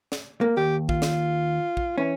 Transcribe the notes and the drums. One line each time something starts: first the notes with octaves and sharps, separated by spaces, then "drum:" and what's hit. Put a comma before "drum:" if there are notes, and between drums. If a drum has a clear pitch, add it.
drum: snare
A#3
D#2 G4
F4, drum: kick
drum: snare
drum: kick
E3 C#4